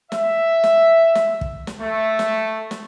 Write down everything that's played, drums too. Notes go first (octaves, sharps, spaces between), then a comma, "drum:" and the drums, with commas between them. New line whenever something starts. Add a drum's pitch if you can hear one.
E5, drum: snare
drum: snare
drum: snare
drum: kick
drum: snare
A3
drum: snare
drum: snare